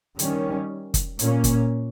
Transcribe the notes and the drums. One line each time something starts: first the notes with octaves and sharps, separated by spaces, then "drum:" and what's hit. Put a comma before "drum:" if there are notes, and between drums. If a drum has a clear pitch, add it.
D#3 G3 C#4, drum: hi-hat
drum: kick, hi-hat
A#2 A#3 C#4, drum: hi-hat
drum: kick, hi-hat